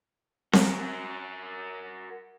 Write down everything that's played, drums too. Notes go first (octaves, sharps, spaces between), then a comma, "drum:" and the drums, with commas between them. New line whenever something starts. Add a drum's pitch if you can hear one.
F#4 A#4, drum: snare C4